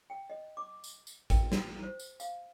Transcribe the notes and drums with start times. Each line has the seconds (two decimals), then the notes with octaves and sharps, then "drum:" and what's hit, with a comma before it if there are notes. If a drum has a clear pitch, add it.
0.10 G5
0.30 D#5
0.57 D6
0.84 drum: tambourine
1.07 drum: tambourine
1.30 G5, drum: kick A1, tambourine
1.52 F#4, drum: snare
1.83 C5
2.00 drum: tambourine
2.20 F5, drum: tambourine